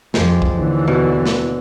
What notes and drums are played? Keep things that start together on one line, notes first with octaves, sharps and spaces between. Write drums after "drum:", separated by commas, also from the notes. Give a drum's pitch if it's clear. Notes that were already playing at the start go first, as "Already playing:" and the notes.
F2 F3 G#3 G4, drum: snare
drum: kick
D#2 D3 E3
B2
drum: snare